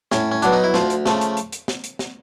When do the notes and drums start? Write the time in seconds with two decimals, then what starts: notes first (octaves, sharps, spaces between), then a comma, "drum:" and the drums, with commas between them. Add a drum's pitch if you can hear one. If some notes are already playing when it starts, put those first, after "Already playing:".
0.12 A2 C#4, drum: snare
0.32 C#4
0.42 F#3 B3 D4, drum: hi-hat
0.53 D#4
0.64 E4
0.74 D2 F3 F4, drum: snare
0.90 drum: hi-hat
1.06 C#3 F3 A3, drum: snare
1.21 drum: hi-hat
1.37 drum: hi-hat
1.52 drum: hi-hat
1.68 drum: snare
1.84 drum: hi-hat
1.99 drum: snare